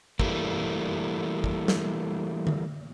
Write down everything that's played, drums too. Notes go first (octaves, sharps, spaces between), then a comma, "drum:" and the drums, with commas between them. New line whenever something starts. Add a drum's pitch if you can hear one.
E3 G3 A3 A#3, drum: kick
drum: kick
drum: snare
drum: tom D3